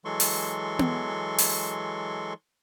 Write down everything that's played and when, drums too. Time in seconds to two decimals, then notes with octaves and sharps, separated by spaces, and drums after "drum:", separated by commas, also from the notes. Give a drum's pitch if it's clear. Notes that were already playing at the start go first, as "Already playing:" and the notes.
0.05 E3 F#3 G#3 A4 C6 C#6
0.20 drum: open hi-hat
0.79 drum: tom B3
1.38 drum: open hi-hat